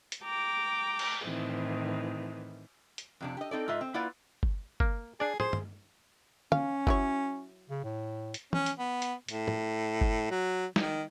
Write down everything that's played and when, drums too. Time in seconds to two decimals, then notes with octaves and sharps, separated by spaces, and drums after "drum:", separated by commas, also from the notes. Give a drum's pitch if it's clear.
0.12 drum: hi-hat
0.23 G5 A#5 D6
0.99 drum: cymbal
1.25 A2 D#3 E3 C4
2.98 drum: hi-hat
3.21 F2 C3 D4
3.37 G4 D#5
3.51 C4 D#4 A4 D5
3.68 G#2 F4 D#5 E5
3.81 C4
3.94 A#3 E4 F4 B4 D5 F#5
4.43 drum: kick G1
4.80 A#3, drum: kick G1
5.20 D4 G#4 D5
5.40 G#4 C5, drum: tom
5.53 drum: tom G2
6.52 C#4 F5, drum: tom
6.87 F#3 E4 C#5, drum: kick G1
7.69 C#3
7.84 A2
8.34 drum: hi-hat
8.53 C#4, drum: tom
8.66 drum: hi-hat
8.79 B3
9.02 drum: hi-hat
9.28 A2, drum: hi-hat
9.48 drum: tom
10.01 drum: kick G1
10.30 F#3
10.76 D#3, drum: snare